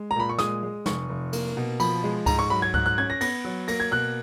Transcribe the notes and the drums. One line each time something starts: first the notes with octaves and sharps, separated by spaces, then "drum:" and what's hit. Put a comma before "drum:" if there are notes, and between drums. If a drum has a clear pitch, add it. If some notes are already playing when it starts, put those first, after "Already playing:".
Already playing: G#3
A#5
A#2 B5
C#6
G#3 D#6, drum: snare
G#3
F1 C#6, drum: snare
F1
A#3, drum: cymbal
B2
F3 B5, drum: cymbal
G#3
G#2 A#5, drum: kick C#2, cymbal
C#6
F#3 B5
G#6
G#2 F#6, drum: kick C#2
F#6
C#4 G#6
A#6
B3 A#6, drum: cymbal
F#3
A#3 A#6, drum: cymbal
G#6
B2 F#6